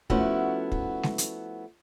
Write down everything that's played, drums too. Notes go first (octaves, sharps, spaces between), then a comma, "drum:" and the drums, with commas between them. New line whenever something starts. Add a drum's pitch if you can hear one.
F3 A3 B3 C#4 E4 F#4, drum: kick
drum: kick
drum: snare G#3
drum: hi-hat